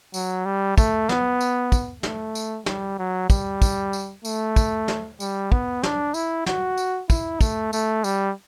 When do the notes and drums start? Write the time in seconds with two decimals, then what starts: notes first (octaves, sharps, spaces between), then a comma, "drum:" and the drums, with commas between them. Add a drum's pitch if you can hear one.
0.14 F#3, drum: tambourine
0.45 G3
0.78 A3, drum: kick, tambourine
1.09 B3, drum: snare
1.40 drum: tambourine
1.72 drum: kick, tambourine
2.03 A3, drum: snare
2.35 drum: tambourine
2.66 G3, drum: snare
2.99 F#3
3.30 G3, drum: kick, tambourine
3.62 drum: kick, tambourine
3.93 drum: tambourine
4.25 A3, drum: tambourine
4.56 drum: kick, tambourine
4.88 drum: snare
5.20 G3, drum: tambourine
5.52 B3, drum: kick
5.83 D4, drum: snare
6.14 E4, drum: tambourine
6.46 F#4, drum: snare
6.78 drum: tambourine
7.10 E4, drum: kick, tambourine
7.41 A3, drum: kick, tambourine
7.73 A3, drum: tambourine
8.04 G3, drum: tambourine